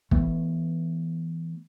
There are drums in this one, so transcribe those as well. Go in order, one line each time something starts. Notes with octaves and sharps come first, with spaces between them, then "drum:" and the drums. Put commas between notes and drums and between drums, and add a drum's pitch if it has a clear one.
E3 A3 B3, drum: kick